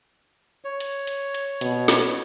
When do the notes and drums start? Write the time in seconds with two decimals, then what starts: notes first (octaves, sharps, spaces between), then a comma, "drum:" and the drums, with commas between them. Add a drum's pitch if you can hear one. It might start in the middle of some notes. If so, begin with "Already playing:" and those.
0.65 C#5
0.80 drum: hi-hat
1.07 drum: hi-hat
1.34 drum: hi-hat
1.61 B2, drum: hi-hat
1.88 drum: snare